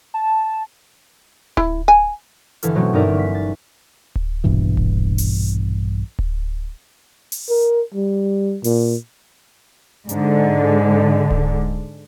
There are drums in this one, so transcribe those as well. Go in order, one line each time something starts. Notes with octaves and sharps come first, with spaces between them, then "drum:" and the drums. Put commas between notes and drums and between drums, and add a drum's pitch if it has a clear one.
A5
E4, drum: kick D1
G#5
G1 E3 E4 A4 F6, drum: hi-hat
B2 F#3 A3 C4 C#4
G2 C#4 D#4 A#4 D5 E5
G1
B6
A6
drum: kick D1
A#1 G2 B2 E3
drum: kick D1
drum: open hi-hat
drum: kick D1
drum: open hi-hat
A#4
G3
A#2, drum: open hi-hat
G#2 D3 G#3, drum: hi-hat
drum: kick D1